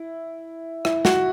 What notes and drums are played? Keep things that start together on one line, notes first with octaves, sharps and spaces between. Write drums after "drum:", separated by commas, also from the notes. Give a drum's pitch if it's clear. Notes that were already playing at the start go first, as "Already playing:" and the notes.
Already playing: E4
E4, drum: rim click
F#4, drum: snare